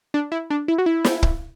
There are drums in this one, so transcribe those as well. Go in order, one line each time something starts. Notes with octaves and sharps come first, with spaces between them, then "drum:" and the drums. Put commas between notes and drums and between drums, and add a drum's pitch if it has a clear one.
D4
E4
D4
E4
F#4
E4
drum: snare
drum: kick